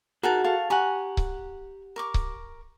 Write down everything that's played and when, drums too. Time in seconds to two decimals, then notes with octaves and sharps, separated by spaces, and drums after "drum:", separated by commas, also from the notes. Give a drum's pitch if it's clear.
0.23 D#4 F#4 G#4 A#4 F#5 A5
0.44 A4 F5 C#6
0.70 G4 F#5 G#5 A#5 C#6
1.17 drum: kick C#1
1.96 A#4 C#6 D6
2.14 drum: kick C#1